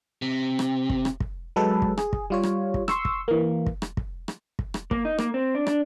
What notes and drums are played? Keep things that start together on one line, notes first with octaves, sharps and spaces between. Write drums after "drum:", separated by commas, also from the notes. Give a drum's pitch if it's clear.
C3
drum: rim click
drum: kick
drum: rim click
drum: kick
F#3 G#3 A4 B4
drum: kick
G#4, drum: rim click
drum: kick
G3 F4 C#5
drum: rim click
drum: kick
C6 C#6 E6, drum: rim click
drum: kick
E3 A#3
drum: kick
drum: rim click
drum: kick
drum: rim click
drum: kick
drum: rim click
A#3, drum: kick
D#4
A#3, drum: rim click
C4
D4
D4, drum: rim click